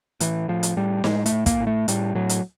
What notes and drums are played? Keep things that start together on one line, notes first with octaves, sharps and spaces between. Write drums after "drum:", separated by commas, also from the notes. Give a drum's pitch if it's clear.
A2 E3, drum: hi-hat
A2 F3
drum: hi-hat
A2 G3
A2 G#3, drum: snare
A3, drum: hi-hat
A2
A#3, drum: kick, hi-hat
A2
A3
A2 G3, drum: hi-hat
A2 F#3
drum: hi-hat